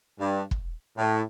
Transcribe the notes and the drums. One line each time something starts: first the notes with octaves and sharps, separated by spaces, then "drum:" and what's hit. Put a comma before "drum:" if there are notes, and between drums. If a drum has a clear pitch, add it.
G2
drum: kick
A2